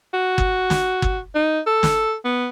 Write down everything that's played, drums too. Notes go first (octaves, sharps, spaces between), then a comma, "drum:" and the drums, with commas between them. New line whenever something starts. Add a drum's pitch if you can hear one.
F#4
drum: kick
drum: snare
drum: kick
D#4
A4
drum: snare
B3